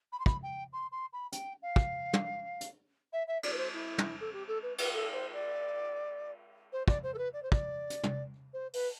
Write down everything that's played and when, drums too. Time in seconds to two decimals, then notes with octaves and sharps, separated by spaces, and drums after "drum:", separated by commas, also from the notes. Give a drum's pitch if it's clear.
0.12 B5
0.19 C6
0.26 B5, drum: kick
0.43 G5
0.73 C6
0.92 C6
1.13 B5
1.32 G5, drum: hi-hat
1.62 F5
1.76 drum: kick
2.13 drum: tom
2.61 drum: hi-hat
3.13 E5
3.27 E5
3.43 D5, drum: cymbal
3.53 B4
3.58 C5
3.73 E4
3.98 drum: tom
4.20 A4
4.33 G4
4.48 A4
4.63 B4
4.78 B4, drum: cymbal
4.93 A4
5.13 C5
5.33 D5
6.73 C5
6.88 D5, drum: kick
7.03 C5
7.14 A4
7.18 B4
7.33 D5
7.43 C5
7.52 D5, drum: kick
7.90 drum: hi-hat
8.03 drum: tom
8.53 C5
8.73 B4, drum: open hi-hat